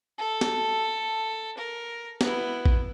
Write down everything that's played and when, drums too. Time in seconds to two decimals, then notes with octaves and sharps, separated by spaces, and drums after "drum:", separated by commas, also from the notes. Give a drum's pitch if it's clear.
0.18 A4
0.41 drum: snare
1.58 A#4
2.21 B3 E4, drum: snare
2.66 drum: kick